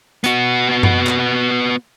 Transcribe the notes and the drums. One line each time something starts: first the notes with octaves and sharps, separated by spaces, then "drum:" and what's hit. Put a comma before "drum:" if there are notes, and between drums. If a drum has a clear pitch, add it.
B3 F#4, drum: hi-hat
drum: tom F#2
drum: clap